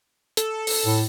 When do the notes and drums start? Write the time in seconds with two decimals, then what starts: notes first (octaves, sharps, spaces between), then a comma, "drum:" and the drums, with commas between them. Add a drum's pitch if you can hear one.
0.37 A4, drum: hi-hat
0.67 drum: open hi-hat
0.86 A2